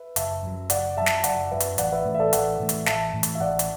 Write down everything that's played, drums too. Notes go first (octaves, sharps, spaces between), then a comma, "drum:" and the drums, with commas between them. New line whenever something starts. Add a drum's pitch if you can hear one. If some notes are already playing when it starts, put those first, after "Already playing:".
Already playing: B4 E5
F#1 E5 A5, drum: hi-hat
F#2 F#3
F#1 D5 F#5, drum: hi-hat
F#2 F#3 E5 A5
drum: snare
A5
F#1 D5 F#5, drum: hi-hat
F#2 F#3 B4 E5
drum: hi-hat
A1 D5 F#5, drum: hi-hat
B4 E5
A2 E3 A3
E5
A4 D5
A1 D5 F#5, drum: hi-hat
A2 E3 A3
drum: hi-hat
A1 E5 A5, drum: snare
A2 E3 A3
drum: hi-hat
E5
A1 D5 F#5
drum: hi-hat